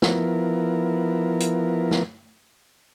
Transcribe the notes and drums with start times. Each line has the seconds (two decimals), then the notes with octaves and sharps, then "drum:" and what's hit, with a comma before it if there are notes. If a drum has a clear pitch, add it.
0.02 F3 B3 E4 A#4, drum: snare
1.40 drum: hi-hat
1.91 drum: snare